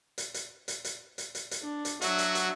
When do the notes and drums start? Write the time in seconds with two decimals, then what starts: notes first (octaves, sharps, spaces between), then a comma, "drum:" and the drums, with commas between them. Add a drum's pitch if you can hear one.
0.18 drum: hi-hat
0.34 drum: hi-hat
0.68 drum: hi-hat
0.84 drum: hi-hat
1.18 drum: hi-hat
1.35 drum: hi-hat
1.51 drum: hi-hat
1.62 D4
1.85 drum: hi-hat
2.01 F#3 D4 F#4 E5, drum: hi-hat
2.18 drum: hi-hat
2.35 drum: hi-hat